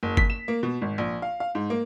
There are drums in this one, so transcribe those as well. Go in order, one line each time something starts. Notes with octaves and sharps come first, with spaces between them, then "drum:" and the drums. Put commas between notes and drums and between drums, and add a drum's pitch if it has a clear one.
F#1
B6, drum: kick G1
E7
A#3
B2
G#1
A#1
F5
F5
G#2
A#3